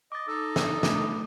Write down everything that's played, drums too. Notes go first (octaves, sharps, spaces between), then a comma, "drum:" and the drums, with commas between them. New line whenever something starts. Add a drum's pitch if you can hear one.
D#5 D6 A6
D#4 A4 D#5 E6
drum: snare
A3 D6, drum: snare